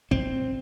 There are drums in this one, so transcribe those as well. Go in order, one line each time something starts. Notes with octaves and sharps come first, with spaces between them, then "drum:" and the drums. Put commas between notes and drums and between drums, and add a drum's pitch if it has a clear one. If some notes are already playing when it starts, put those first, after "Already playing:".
C4, drum: kick